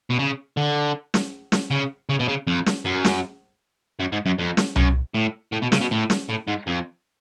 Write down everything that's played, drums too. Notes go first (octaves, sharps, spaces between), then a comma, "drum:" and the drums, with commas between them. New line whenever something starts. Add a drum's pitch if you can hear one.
B2
C#3
D3
drum: snare
drum: snare
C#3
C#3
B2
C#3
F2
drum: snare
F#2
drum: snare
F#2
G#2
F#2
F2
drum: snare
F#2, drum: tom C2
A2
A2
B2
C#3, drum: snare
B2
A2
drum: snare
A2
G#2
F2